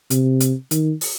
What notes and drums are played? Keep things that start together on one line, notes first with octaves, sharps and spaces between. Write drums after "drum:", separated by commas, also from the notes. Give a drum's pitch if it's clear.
C3, drum: hi-hat
drum: hi-hat
D#3, drum: hi-hat
drum: open hi-hat